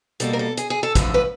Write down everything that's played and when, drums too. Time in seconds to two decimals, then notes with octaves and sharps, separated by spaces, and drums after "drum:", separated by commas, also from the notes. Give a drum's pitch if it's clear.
0.20 B2 G3 A#3 A4, drum: hi-hat
0.33 A#4
0.39 A4
0.57 G#4, drum: hi-hat
0.70 G#4
0.83 A4
0.95 F#2 D3 F3 A3 B4, drum: kick, hi-hat
1.14 B4